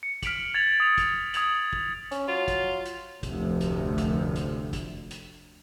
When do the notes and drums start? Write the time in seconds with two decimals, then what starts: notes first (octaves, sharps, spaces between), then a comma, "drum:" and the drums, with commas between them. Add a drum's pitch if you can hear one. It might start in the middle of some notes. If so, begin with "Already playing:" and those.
0.03 C#7
0.23 F6 B6 D7 F7 F#7, drum: kick, hi-hat
0.54 G#6 A6 F7 F#7
0.80 D#6 F7
0.98 drum: kick, hi-hat
1.34 D#6 G#6 F7 F#7, drum: hi-hat
1.73 drum: kick
2.11 C#4, drum: hi-hat
2.28 F#3 F4
2.48 drum: kick, hi-hat
2.85 drum: hi-hat
3.23 F1 D2 A2 C3 F3, drum: kick, hi-hat
3.60 drum: hi-hat
3.98 drum: kick, hi-hat
4.35 drum: hi-hat
4.73 drum: kick, hi-hat
5.11 drum: hi-hat